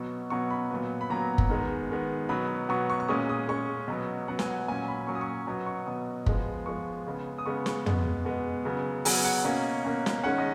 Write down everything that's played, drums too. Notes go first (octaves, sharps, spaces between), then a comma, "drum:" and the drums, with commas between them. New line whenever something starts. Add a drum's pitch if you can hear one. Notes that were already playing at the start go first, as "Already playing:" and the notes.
Already playing: B2 F#3 B3 C#6
B2 F#3 B3 C#6
B5
A#2 F#3 B3
B5
A#2 F#3 B3 A#5
drum: kick
D#3 G#3 B3
D#3 G#3 B3
B2 F#3 B3 B5
B2 F#3 B3 C#6
C#6
C#6
A#2 G#3 C#4 D#6
D#6
A#2 G#3 C#4 C#6
B2 F#3 B3
B2 F#3 B3 F#5
G#5, drum: snare
F#5
A#2 F#3 C#4 G#5
B5
A#2 F#3 C#4 C#6
D#6
C#6
B2 F#3 B3 D#6
C#6
B2 F#3 B3 D#6
F3 G#3 B3, drum: kick
F3 G#3 B3 C#6
C#3 G#3 B3
D#6
C#3 G#3 B3 C#6
C#6, drum: snare
B2 G#3 B3, drum: tom
B2 G#3 B3
C#3 F#3 B3
C#3 F#3 B3 G#5, drum: open hi-hat
F#5
B2 A#3 C#4
B2 A#3 C#4
drum: snare
D#3 G#3 C#4 F#5
D#5